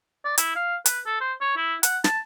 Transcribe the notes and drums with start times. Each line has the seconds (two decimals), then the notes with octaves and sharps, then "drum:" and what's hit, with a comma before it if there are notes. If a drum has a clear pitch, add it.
0.25 D5
0.38 E4, drum: hi-hat
0.55 F5
0.86 B4, drum: hi-hat
1.06 A4
1.21 C5
1.41 C#5
1.57 E4
1.83 F#5, drum: hi-hat
2.04 A5, drum: snare